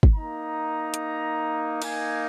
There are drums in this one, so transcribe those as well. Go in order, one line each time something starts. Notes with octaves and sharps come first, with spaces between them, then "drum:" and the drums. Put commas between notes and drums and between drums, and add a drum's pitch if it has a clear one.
drum: kick
A#3 D#4 A#5
drum: hi-hat
A#3 D#4 G#5, drum: cymbal